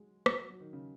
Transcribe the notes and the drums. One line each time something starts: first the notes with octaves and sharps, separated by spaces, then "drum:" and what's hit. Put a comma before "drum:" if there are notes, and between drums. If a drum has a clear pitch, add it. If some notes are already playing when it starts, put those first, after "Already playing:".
Already playing: F#3 G#3
F#3, drum: rim click
F#3
F#3
D#3
C#3